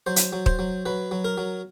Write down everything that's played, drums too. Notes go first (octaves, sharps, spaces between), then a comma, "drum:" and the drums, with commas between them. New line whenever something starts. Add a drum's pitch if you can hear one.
F#3 C5
drum: hi-hat
F#3
C5, drum: kick
F#3
F#3 B4
F#3
A#4
F#3